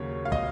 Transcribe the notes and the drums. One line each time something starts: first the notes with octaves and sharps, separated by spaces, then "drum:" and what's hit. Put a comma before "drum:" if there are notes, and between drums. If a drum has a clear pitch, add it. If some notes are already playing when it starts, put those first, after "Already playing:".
Already playing: D#2 C#3 F#3 A#3 C#5
F5
D#5, drum: kick